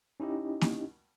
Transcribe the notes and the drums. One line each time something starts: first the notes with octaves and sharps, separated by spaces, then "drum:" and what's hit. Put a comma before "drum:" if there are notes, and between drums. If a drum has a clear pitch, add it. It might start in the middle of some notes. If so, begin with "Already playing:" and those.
C#4 D#4 E4 G4 D#5
drum: snare A#3